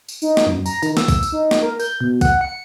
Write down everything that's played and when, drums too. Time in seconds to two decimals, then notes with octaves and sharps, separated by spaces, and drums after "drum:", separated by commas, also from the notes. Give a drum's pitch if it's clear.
0.08 drum: tambourine
0.22 D#4, drum: tambourine
0.37 drum: snare
0.46 F#2
0.66 A#5, drum: tambourine
0.83 D#3, drum: tambourine
0.97 E6, drum: snare
1.08 drum: kick, tambourine
1.23 drum: tambourine
1.32 D#4
1.51 drum: snare
1.62 A#4
1.80 G6, drum: tambourine
2.01 B2
2.21 F#5, drum: kick, tambourine
2.41 C#7